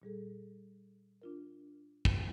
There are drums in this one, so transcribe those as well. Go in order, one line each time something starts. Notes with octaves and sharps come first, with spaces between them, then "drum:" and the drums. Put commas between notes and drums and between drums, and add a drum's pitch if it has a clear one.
A#2 G3 G#4 A4
D4 F4 A#4
drum: kick